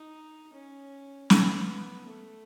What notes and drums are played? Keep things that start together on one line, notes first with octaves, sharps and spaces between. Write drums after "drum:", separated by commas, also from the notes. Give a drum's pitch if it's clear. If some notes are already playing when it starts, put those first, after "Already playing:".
Already playing: D#4
C#4
B3, drum: snare
A3